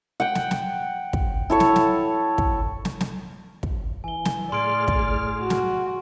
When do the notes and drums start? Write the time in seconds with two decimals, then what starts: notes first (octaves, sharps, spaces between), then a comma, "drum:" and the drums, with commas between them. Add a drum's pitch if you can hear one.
0.20 F#5 G5
0.35 drum: snare
0.51 drum: snare
1.13 drum: kick
1.50 E4 A4 C#5
1.60 drum: snare
1.76 drum: snare
2.38 drum: kick
2.85 drum: snare
3.01 drum: snare
3.63 drum: kick
4.04 E3 G#5 G7
4.25 drum: snare
4.52 A2 G#4 D5 C6 F6 D7
4.88 drum: kick
5.40 F#4
5.50 drum: snare